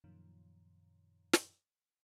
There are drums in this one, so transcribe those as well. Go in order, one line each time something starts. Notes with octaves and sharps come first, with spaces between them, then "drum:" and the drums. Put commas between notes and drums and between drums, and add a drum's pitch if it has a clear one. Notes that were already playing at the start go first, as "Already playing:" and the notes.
F#2 A#2 D#3 F3
drum: snare